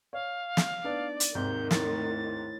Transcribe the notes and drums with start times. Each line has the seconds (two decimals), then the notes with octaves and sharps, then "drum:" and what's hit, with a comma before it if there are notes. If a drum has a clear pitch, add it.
0.13 C#5 F5
0.57 drum: snare
0.84 B3 D4 D#4 D5
1.20 drum: hi-hat
1.35 D#2 G#2 C3 D#3 G6
1.71 A2 A6, drum: snare